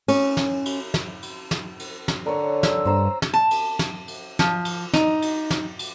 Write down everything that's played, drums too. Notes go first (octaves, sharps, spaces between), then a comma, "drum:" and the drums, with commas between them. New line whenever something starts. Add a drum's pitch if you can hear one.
C#4, drum: cymbal
drum: snare
drum: cymbal
drum: snare
drum: cymbal
drum: snare
drum: cymbal
drum: snare
D3 A#4 C#5
E6, drum: snare
G2 C5 A#5 E6
drum: snare
A5
drum: cymbal
drum: snare
drum: cymbal
F3, drum: snare
drum: cymbal
D#4, drum: snare
drum: cymbal
drum: snare
drum: cymbal